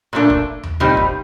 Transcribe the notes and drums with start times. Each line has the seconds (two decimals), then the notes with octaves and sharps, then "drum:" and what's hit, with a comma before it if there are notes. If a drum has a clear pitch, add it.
0.13 A#2 A3 D4
0.30 drum: kick
0.63 drum: tom
0.80 A#2 G3 C4 D#4, drum: tom C3
0.97 drum: kick